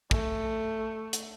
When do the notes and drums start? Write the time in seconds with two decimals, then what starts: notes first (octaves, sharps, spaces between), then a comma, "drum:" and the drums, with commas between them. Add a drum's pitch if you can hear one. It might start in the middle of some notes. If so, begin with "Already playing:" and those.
0.11 A3, drum: kick
1.13 drum: hi-hat